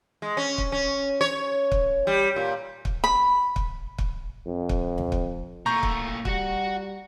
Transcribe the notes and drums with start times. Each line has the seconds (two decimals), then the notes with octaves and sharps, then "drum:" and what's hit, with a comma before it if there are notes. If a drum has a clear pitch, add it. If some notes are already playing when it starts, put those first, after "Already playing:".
0.22 G#3
0.37 C#4
0.58 drum: kick
0.72 C#4
1.21 C#5
1.72 drum: kick
2.07 G3
2.36 A#2
2.85 drum: kick
3.04 B5
3.56 drum: kick
3.98 drum: kick
4.47 F2
4.69 drum: kick
4.98 drum: tom D2
5.12 drum: kick
5.66 A#2 A3 A#5 C#6 G6
5.83 drum: kick
6.25 G3 F#4 F#5, drum: kick